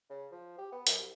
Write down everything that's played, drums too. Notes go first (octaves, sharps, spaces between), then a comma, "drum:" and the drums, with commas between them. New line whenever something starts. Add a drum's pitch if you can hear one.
C#3
F3
G4
B3
F#2, drum: hi-hat
C2